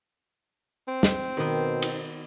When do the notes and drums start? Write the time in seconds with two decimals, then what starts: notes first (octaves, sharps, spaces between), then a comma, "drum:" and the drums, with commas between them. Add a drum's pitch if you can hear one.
0.88 C4
1.03 drum: snare
1.37 B2 D#3 B3
1.82 drum: cymbal